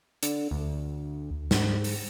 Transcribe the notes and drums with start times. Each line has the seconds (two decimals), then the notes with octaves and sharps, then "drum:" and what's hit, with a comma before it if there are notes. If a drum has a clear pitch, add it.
0.23 D3, drum: hi-hat
0.51 D2
1.51 G#2, drum: snare
1.84 drum: open hi-hat